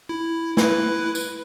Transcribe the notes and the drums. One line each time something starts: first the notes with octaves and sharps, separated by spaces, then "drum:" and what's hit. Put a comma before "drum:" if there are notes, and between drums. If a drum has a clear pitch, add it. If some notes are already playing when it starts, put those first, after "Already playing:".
E4
E4 B4, drum: snare
drum: tambourine